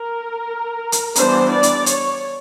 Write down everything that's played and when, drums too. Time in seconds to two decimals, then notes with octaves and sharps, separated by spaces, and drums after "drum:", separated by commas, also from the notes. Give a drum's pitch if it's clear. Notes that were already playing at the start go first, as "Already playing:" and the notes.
Already playing: A#4
0.92 drum: hi-hat
1.15 E3 G3 B3 D4 C5, drum: hi-hat
1.51 D5
1.63 drum: hi-hat
1.86 C#5, drum: hi-hat